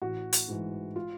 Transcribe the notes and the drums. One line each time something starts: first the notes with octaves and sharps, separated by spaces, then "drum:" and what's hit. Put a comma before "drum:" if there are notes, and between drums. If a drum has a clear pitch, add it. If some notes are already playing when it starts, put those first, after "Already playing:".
A1 F#4
drum: hi-hat
G#2 E3
F4